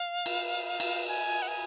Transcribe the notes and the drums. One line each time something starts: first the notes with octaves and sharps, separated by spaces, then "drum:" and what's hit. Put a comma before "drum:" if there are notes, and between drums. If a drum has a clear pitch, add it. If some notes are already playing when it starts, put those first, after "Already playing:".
Already playing: F5
drum: cymbal
drum: cymbal
G#5
F#5
G#5